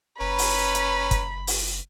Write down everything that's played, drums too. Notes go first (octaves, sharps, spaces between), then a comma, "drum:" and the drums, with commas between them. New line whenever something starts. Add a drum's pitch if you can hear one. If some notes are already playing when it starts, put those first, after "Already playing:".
F#1 C#4 B4 A#5 B5
drum: open hi-hat
drum: hi-hat
drum: kick, hi-hat
drum: open hi-hat